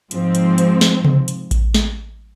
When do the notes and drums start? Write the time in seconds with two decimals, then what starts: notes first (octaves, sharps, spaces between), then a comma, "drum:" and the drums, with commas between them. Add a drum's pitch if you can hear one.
0.11 G#2 F3 C4, drum: hi-hat
0.35 drum: hi-hat
0.58 drum: hi-hat
0.81 drum: snare
1.05 drum: tom C3
1.28 drum: hi-hat
1.51 drum: kick A1, hi-hat
1.74 drum: snare